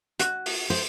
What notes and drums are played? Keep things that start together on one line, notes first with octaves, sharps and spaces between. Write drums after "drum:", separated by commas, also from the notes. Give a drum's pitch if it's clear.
F#4, drum: hi-hat
drum: open hi-hat
C5, drum: open hi-hat